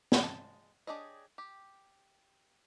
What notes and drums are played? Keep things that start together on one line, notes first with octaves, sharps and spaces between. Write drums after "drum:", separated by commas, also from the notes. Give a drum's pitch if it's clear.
drum: snare
G#3 A5
D4 G4 G#4 C#5 D#5
G4